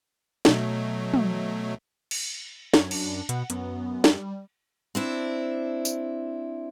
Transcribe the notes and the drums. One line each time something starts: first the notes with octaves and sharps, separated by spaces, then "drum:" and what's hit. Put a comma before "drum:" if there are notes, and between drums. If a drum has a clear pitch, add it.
B2 F#3 A3, drum: snare
drum: tom
drum: cymbal
F#2 C#5, drum: snare
D4, drum: cymbal
B2 F#5, drum: hi-hat
F#2 B3, drum: hi-hat
G3, drum: snare
C4 D4 E4
drum: tambourine